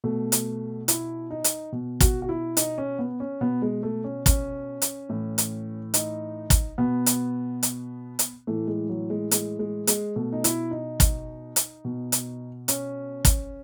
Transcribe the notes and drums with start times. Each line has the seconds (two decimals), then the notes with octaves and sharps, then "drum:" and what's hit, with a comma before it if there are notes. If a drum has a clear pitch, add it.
0.04 B2 A3
0.32 drum: hi-hat
0.88 E4, drum: hi-hat
1.31 D#4
1.44 drum: hi-hat
1.72 B2
2.00 F#4, drum: kick, hi-hat
2.22 F#4
2.29 E4
2.57 D#4, drum: hi-hat
2.78 C#4
2.99 B3
3.20 C#4
3.41 B2 B3
3.62 G#3
3.83 A3
4.04 C#4
4.26 C#4, drum: kick, hi-hat
4.82 drum: hi-hat
5.09 A2 E3
5.38 drum: hi-hat
5.94 D#4, drum: hi-hat
6.50 drum: kick, hi-hat
6.78 B2 B3
7.06 drum: hi-hat
7.63 drum: hi-hat
8.19 drum: hi-hat
8.47 A2 E3 A3
8.67 G#3
8.89 F#3
9.10 G#3
9.31 G#3, drum: hi-hat
9.59 G#3
9.87 G#3, drum: hi-hat
10.16 B2 A3
10.33 D#4
10.44 E4, drum: hi-hat
10.71 D#4
11.00 drum: kick, hi-hat
11.56 drum: hi-hat
11.85 B2
12.12 drum: hi-hat
12.68 C#4, drum: hi-hat
13.25 drum: kick, hi-hat